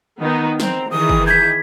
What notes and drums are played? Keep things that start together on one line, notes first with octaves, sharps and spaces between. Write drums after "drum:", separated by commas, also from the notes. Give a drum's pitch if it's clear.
D#3 B3 D#4
C4 A#5, drum: snare
D#3 E3 G#4 D#6
drum: kick
G6 G#6 B6